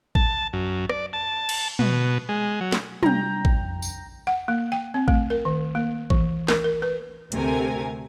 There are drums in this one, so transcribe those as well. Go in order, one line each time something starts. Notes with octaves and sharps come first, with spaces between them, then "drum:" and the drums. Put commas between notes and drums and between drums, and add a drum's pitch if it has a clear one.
A5, drum: kick A1
F#2
D5, drum: rim click
A5
drum: cymbal
B2, drum: tom
G#3
F#3
drum: snare
C3 G3 D4 G5 A#5, drum: tom
drum: kick A1
F2
drum: tambourine
F#5
A#3
G5
C4
A3, drum: kick A1
A#4
D#3
A#3
E3, drum: kick A1
A#4, drum: snare
A#4
B4
D2 C3 A3 A#4 G#5, drum: hi-hat